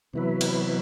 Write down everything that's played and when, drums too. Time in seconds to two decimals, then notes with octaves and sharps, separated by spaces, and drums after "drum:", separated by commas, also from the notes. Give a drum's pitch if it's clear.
0.14 C3 E3 F#3 B3 E4 B4
0.41 drum: cymbal